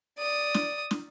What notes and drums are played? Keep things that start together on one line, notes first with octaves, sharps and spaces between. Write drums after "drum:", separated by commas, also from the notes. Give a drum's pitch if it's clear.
D5 D#6
drum: snare
drum: snare